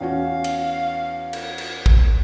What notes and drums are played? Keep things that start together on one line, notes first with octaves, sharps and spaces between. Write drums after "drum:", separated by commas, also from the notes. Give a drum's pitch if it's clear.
E2 C#4 F#4 F5
drum: cymbal
drum: cymbal
drum: cymbal
drum: kick